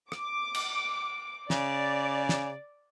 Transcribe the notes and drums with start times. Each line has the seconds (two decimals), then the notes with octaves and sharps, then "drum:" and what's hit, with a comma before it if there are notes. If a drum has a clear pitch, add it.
0.12 D6, drum: rim click
0.54 drum: cymbal
1.50 C#3 D5, drum: snare
2.29 drum: snare